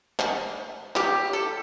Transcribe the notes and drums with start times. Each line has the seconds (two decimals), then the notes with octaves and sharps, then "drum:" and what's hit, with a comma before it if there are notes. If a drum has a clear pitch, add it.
0.19 drum: clap
0.96 G4, drum: clap
1.33 A4